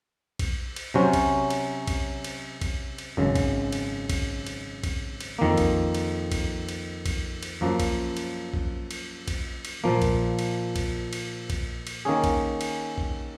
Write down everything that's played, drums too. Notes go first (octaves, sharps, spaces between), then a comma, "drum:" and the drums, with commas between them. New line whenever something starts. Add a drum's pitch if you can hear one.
drum: kick A#1, cymbal
drum: cymbal
C3 F#3 C#4 F#4 C5
drum: kick A#1, cymbal
drum: cymbal
drum: kick A#1, cymbal
drum: cymbal
drum: kick A#1, cymbal
drum: cymbal
G#1 F#2 C#3
drum: kick A#1, cymbal
drum: cymbal
drum: kick A#1, cymbal
drum: cymbal
drum: kick A#1, cymbal
drum: cymbal
F2 D#3 A#3
drum: kick A#1, cymbal
drum: cymbal
drum: kick A#1, cymbal
drum: cymbal
drum: kick A#1, cymbal
drum: cymbal
F#2 F3 A#3
drum: kick A#1, cymbal
drum: cymbal
drum: kick A#1
drum: cymbal
drum: kick A#1, cymbal
drum: cymbal
A#2 F3 A#3
drum: kick A#1, cymbal
drum: cymbal
drum: kick A#1, cymbal
drum: cymbal
drum: kick A#1, cymbal
drum: cymbal
D#3 A#3 C#4 G#4
drum: kick A#1, cymbal
drum: cymbal
drum: kick A#1